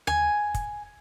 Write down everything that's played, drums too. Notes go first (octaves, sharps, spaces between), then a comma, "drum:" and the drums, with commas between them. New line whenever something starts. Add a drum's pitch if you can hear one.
G#5, drum: tom D#2
drum: kick, hi-hat